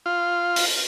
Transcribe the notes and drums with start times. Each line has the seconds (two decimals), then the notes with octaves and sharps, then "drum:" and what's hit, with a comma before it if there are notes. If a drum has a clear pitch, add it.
0.06 F4
0.56 drum: open hi-hat